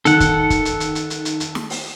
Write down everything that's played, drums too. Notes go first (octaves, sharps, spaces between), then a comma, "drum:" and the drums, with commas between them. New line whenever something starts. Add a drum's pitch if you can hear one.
D#3 A4 F#5, drum: hi-hat
drum: kick, hi-hat
drum: kick, hi-hat
drum: hi-hat
drum: hi-hat
drum: hi-hat
drum: hi-hat
drum: hi-hat
drum: hi-hat
drum: snare
drum: open hi-hat